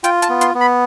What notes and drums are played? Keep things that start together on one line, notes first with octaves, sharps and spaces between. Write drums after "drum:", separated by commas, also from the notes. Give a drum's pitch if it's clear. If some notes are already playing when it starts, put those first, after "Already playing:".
F4 G5, drum: hi-hat
A5, drum: hi-hat
B3
C6, drum: hi-hat
B3
B5